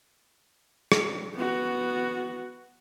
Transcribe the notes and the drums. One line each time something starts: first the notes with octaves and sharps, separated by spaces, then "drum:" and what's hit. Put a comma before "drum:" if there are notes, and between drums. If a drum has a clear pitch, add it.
drum: rim click
B3 F#4